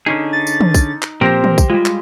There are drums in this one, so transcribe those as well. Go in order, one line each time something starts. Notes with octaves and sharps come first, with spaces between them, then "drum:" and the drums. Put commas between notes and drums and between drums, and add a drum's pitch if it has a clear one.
D3 C#4 D#4 G#4
A6
drum: tambourine
drum: tom
drum: kick, tambourine
drum: clap
A#2 F3 C4 G4 A#4 C5 A#6
drum: tom
drum: kick, tambourine
G3 G#3 F4
drum: clap